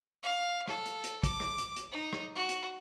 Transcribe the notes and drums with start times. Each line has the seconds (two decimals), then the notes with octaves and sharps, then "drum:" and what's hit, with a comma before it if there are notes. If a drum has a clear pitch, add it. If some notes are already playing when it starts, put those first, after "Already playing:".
0.23 F5
0.68 A4, drum: rim click
0.86 drum: hi-hat
1.04 drum: hi-hat
1.23 D6, drum: kick, hi-hat
1.40 drum: rim click
1.58 drum: hi-hat
1.76 drum: hi-hat
1.91 D#4
2.13 drum: rim click
2.35 F#4
2.49 drum: hi-hat